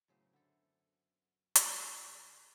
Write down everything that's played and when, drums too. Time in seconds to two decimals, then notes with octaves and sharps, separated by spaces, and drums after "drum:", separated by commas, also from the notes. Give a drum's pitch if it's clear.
0.08 F#2 A2 C#3 F#3 B3 C5
0.33 D3 E4 A4
1.56 drum: hi-hat
1.69 F#3
2.04 C#3 G#3 A3